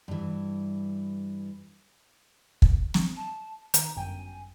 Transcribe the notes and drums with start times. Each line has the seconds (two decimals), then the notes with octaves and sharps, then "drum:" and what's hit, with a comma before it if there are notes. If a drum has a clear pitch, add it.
0.08 G2 E3
2.62 drum: kick
2.94 drum: snare
3.16 A5
3.74 D#3 A#5, drum: hi-hat
3.96 G1 F#2 G5 G#5